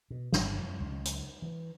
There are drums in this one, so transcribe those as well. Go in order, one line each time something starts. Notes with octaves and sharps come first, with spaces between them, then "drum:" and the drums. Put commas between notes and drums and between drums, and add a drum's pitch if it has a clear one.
B2
G1, drum: snare
F#2
C#2
drum: hi-hat
E3